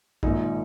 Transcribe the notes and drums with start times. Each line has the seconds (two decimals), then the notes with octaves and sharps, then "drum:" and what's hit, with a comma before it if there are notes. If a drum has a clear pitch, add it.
0.23 A#1 G#2 D#3 D#4, drum: kick A#1